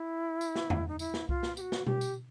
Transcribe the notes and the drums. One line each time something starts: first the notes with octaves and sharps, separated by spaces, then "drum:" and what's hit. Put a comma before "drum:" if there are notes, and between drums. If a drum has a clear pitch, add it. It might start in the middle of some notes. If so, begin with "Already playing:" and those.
Already playing: E4
drum: tambourine
drum: snare
drum: tom E2
D#4
E4, drum: tambourine
drum: snare
F4, drum: kick C2
drum: snare
G4, drum: tambourine
F#4
drum: snare
G4, drum: tom B2
drum: tambourine